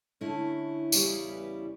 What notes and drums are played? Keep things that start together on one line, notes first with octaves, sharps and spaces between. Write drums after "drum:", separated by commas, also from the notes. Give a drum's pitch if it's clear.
D3 A3 C#4 E4
E2 C#3 G3 C#4 E4 C#5, drum: tambourine
B4